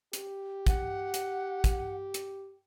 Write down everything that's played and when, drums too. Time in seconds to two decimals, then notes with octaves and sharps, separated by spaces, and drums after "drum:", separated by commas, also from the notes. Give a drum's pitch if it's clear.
0.13 G4, drum: hi-hat
0.67 F#5, drum: kick, hi-hat
1.14 drum: hi-hat
1.64 drum: kick, hi-hat
2.14 drum: hi-hat